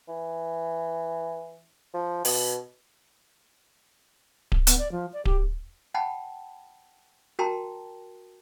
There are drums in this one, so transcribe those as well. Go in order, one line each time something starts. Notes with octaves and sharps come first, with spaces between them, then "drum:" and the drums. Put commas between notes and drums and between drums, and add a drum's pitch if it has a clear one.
E3
F3
B2, drum: open hi-hat
drum: kick D1
B3, drum: hi-hat
D5
F3
D5
G4, drum: kick D1
F#5 G5 A5 B5
F#4 A#4 G5 A5 A#5 C6